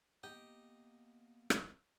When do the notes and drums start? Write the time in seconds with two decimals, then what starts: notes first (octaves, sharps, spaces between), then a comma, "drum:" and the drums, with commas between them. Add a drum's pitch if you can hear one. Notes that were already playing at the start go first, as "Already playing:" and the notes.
0.23 A#3 B3 D#4 G4 G5
1.50 drum: rim click